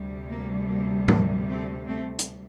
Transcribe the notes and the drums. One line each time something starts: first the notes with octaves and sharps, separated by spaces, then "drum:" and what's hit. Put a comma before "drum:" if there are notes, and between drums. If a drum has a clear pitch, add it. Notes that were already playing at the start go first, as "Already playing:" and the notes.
Already playing: D2 C3 G3
A#3
A#3
A#3, drum: tom
A3 C4
A3 C4
drum: hi-hat